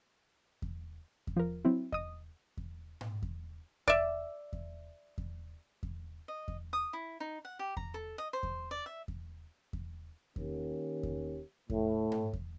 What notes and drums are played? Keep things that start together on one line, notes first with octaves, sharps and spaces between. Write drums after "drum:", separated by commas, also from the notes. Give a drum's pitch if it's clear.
drum: kick E2
drum: kick E2
F3 A#4
F#3 C4 E4
D#5 D#6, drum: kick E2
drum: kick E2
drum: tom G#2
drum: kick E2
D5 E5, drum: kick E2
drum: kick E2
drum: kick E2
drum: kick E2
D#5
drum: kick E2
D#6
E4
D#4
F#5
G4
A#5, drum: kick E2
A4
D#5
C5
drum: kick E2
D5
E5
drum: kick E2
drum: kick E2
D#3 A#3 C#4 G4, drum: kick E2
drum: kick E2
A2, drum: kick E2
drum: tom G#2
drum: kick E2